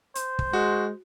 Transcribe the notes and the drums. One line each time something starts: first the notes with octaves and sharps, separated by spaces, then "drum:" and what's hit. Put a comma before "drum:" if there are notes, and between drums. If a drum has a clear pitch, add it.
C5, drum: hi-hat
drum: kick
G#3 F#4